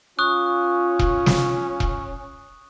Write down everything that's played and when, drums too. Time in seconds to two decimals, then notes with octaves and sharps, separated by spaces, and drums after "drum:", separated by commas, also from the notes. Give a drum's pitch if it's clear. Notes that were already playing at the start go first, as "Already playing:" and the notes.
0.19 C#4 F4 C#6 D#6 F#6
0.99 drum: kick E1
1.26 drum: snare
1.80 drum: kick E1